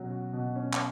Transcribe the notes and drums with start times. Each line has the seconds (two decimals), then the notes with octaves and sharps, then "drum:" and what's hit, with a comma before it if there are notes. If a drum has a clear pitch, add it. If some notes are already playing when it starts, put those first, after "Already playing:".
Already playing: B2 F#3 C#4
0.10 F#4
0.33 B2
0.56 C#4
0.73 drum: clap